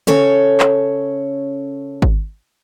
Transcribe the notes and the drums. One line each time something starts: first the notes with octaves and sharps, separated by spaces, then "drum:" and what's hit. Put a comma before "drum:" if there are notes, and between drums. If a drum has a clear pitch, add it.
C#3 C#4 A4 C#5, drum: tom C#3
drum: clap
drum: kick G#1